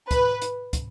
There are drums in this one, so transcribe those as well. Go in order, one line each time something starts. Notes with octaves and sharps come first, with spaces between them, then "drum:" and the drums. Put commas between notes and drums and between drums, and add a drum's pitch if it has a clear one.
B4, drum: kick, hi-hat
drum: hi-hat
drum: kick, hi-hat